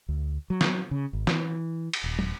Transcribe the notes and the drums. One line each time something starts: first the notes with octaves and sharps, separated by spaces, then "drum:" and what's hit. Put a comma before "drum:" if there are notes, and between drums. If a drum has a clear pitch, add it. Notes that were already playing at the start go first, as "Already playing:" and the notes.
D2
F#3
drum: snare
C#3
G#1
E3, drum: snare
drum: cymbal
D#1
drum: tom